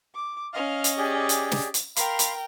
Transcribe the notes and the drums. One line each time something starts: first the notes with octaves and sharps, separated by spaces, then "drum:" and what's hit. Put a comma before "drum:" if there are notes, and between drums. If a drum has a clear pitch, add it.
D6
C#4 D#5 F5 F6
drum: hi-hat
G4 G#4 D5
drum: hi-hat
drum: snare
drum: hi-hat
A#4 F5 G5 B5 C6, drum: hi-hat
drum: hi-hat